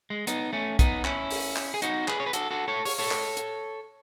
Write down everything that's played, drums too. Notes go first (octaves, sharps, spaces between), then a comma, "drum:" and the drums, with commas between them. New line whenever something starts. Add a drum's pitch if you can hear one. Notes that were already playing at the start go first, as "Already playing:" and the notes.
G#3
B3 D#4, drum: hi-hat
A3 C#4
B3 D#4, drum: kick, hi-hat
C#4 E4, drum: clap
drum: open hi-hat
drum: clap
G#4
D#4 F#4, drum: hi-hat
G#4 B4, drum: clap
C#5
B4
F#4 A4, drum: hi-hat
F#4 A4
A4 C#5
C#5, drum: open hi-hat
A4 C#5
drum: clap
drum: hi-hat